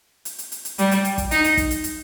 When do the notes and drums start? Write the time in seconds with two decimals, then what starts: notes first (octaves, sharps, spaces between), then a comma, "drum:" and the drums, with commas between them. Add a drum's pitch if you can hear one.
0.25 drum: hi-hat
0.38 drum: hi-hat
0.52 drum: hi-hat
0.65 drum: hi-hat
0.78 G3, drum: hi-hat
0.91 drum: hi-hat
1.05 drum: hi-hat
1.18 drum: kick, hi-hat
1.31 D#4, drum: hi-hat
1.44 drum: hi-hat
1.57 drum: kick, hi-hat
1.71 drum: hi-hat
1.84 drum: hi-hat